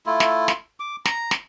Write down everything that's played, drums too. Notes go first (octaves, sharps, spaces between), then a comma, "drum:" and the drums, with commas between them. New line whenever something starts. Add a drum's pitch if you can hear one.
A3 E4 F4
drum: snare
drum: snare
D6
A#5, drum: snare
drum: snare